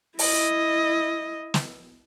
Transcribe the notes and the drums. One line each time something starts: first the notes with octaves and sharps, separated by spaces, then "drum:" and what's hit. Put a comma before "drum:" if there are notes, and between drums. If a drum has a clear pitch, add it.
E4 D#5, drum: open hi-hat
drum: snare